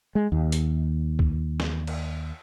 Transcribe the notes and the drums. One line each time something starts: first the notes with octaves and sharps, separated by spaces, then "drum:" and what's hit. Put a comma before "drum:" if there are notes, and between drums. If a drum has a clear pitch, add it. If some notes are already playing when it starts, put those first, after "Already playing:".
G#3
D#2
drum: hi-hat
drum: kick
drum: snare
drum: cymbal